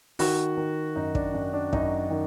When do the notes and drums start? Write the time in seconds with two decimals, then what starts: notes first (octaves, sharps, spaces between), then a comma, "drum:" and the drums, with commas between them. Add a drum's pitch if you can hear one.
0.19 D#3 F#4, drum: open hi-hat
0.57 D#3
0.96 F#2 D#4
1.15 D4, drum: kick
1.34 F#2 D4
1.53 D4
1.73 F#2 D#4, drum: kick
2.10 D#3